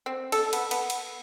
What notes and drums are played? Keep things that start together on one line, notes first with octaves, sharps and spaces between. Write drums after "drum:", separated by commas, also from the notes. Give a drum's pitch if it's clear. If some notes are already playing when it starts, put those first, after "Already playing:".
C4
A4, drum: cymbal
B3, drum: cymbal
B3, drum: cymbal
drum: cymbal